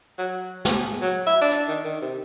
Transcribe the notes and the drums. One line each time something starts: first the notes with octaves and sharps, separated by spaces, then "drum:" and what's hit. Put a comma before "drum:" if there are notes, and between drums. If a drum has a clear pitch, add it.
F#3
G#4, drum: snare
F#3
E5
D4
drum: hi-hat
D#3
D#3
C3